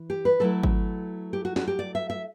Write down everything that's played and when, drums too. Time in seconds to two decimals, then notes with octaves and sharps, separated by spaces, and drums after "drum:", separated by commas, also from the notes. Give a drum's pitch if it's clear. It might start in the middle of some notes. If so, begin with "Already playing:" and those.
Already playing: E3
0.10 G4
0.25 B4
0.40 F#3 A3 E4 A4
0.63 drum: kick G#1
1.33 G4
1.45 F#4
1.56 F#4, drum: snare
1.68 G4
1.79 D5
1.95 E5
2.10 E5